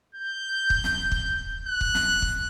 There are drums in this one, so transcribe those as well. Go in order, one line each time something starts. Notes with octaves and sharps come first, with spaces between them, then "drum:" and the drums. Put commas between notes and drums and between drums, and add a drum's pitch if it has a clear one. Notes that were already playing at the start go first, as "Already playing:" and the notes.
G6
drum: kick
drum: snare
drum: kick
F#6
drum: kick
drum: snare
drum: kick